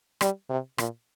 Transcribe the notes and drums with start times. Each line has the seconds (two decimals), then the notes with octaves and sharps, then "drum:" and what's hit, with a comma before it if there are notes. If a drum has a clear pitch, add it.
0.21 G3, drum: rim click
0.50 C3
0.78 A#2, drum: rim click